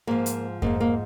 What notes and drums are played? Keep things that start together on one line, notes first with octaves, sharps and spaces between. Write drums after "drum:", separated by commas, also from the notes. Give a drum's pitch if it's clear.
G#2 F3 A#3
drum: hi-hat
G#2 F3 A#3, drum: kick F2
A#3